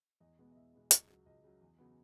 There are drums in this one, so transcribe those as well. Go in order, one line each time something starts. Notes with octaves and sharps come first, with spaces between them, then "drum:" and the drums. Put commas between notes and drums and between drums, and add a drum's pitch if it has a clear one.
E2 D#5
B2 G#3 B3
D#5
E2 E5
B2 G#3 B3
C#2, drum: hi-hat
C#3 F#3
C#2 D#5
C#3 F#3
E2
C#3 F#3 B3